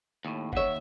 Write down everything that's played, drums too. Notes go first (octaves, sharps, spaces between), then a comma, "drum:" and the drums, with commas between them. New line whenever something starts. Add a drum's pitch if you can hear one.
D#2 A2
D#2 C#5 E5 F#5, drum: kick G1